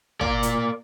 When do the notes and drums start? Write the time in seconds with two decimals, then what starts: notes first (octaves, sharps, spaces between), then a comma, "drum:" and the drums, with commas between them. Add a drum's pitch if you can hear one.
0.21 A#3 D5, drum: kick
0.43 drum: hi-hat